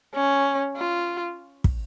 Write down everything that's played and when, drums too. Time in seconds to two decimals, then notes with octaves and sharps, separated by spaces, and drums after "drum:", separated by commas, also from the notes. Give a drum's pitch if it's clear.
0.14 C#4
0.77 F4
1.64 drum: kick